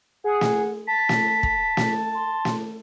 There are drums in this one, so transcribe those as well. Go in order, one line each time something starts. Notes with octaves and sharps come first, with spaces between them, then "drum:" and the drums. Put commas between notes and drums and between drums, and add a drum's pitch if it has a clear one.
G#4 F#5
drum: snare
A5 B6
drum: snare
drum: kick
drum: snare
C6
drum: snare